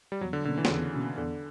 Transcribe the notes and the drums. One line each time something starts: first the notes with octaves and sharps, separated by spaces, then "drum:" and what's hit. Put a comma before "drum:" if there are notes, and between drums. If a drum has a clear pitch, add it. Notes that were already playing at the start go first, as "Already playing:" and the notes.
G3
E2 F#3
D3
B2 D3 A#3 C#4
E3
C#3, drum: snare
E2 D3
B2 A#3 C#4
E2 D3